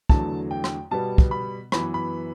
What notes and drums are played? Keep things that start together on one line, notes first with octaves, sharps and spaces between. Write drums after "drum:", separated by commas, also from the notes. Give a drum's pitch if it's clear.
E2 D3 F#3 A3 A5, drum: kick
G5
drum: rim click
B2 G3 B3 A5
drum: kick
B5
F#2 E3 B3 B5, drum: rim click
B5